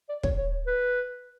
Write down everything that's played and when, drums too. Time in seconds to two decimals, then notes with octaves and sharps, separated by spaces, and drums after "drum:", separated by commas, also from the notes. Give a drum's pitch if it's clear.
0.09 D5
0.23 C#5, drum: kick
0.38 C#5
0.67 B4